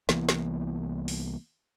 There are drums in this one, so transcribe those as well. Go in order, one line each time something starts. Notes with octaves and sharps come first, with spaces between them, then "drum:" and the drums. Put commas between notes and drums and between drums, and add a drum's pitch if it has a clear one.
C2 E3 A#3 B3, drum: snare
drum: snare
drum: open hi-hat